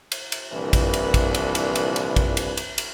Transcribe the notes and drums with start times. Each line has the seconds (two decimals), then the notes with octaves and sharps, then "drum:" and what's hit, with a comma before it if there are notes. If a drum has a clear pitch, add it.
0.12 drum: cymbal
0.32 drum: cymbal
0.53 C2 A#2 E3 F3 D4 B4
0.73 drum: kick, cymbal
0.94 drum: cymbal
1.14 drum: kick, cymbal
1.35 drum: cymbal
1.55 drum: cymbal
1.75 drum: cymbal
1.96 drum: cymbal
2.16 drum: kick, cymbal
2.37 drum: cymbal
2.57 drum: cymbal
2.78 drum: cymbal